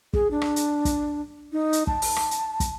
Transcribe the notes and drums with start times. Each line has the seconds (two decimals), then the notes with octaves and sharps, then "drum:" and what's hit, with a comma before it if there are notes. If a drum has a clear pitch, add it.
0.14 G#4, drum: kick
0.31 D4
0.42 drum: rim click
0.56 drum: hi-hat
0.85 drum: kick, hi-hat
1.52 D#4
1.73 drum: hi-hat
1.87 A5, drum: kick
2.02 drum: open hi-hat
2.16 drum: rim click
2.31 drum: hi-hat
2.60 drum: kick, hi-hat